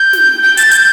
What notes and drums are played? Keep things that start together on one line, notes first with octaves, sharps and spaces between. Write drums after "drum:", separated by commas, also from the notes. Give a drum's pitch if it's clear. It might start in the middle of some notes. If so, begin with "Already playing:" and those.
Already playing: G6
drum: snare
G6
A6, drum: hi-hat
G6, drum: hi-hat